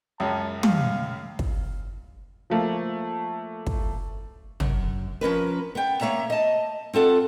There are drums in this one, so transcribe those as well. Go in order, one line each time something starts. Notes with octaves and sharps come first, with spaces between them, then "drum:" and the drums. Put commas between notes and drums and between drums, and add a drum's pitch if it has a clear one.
C#2 F#2 A5
F5, drum: tom
drum: kick
F3 A3 A#3
drum: kick
F#2, drum: tom
F3 C#4 A#4 B4
B3 G5
A#3 C#5 E5 A#5
D#5 A5
C4 F4 A4 F#5